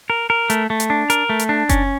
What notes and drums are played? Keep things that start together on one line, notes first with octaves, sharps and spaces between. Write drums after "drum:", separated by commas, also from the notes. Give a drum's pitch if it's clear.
A#4
A#4
A3, drum: hi-hat
A3
drum: hi-hat
D4
A#4, drum: hi-hat
A3
drum: hi-hat
D4
C#4, drum: kick F#1, hi-hat